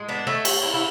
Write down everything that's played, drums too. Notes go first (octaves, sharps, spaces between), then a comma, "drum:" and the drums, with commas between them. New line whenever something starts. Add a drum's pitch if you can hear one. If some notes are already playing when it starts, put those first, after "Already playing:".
Already playing: A2 G#3
B3 D4
A3 C#4
drum: cymbal
C#4 E4
E4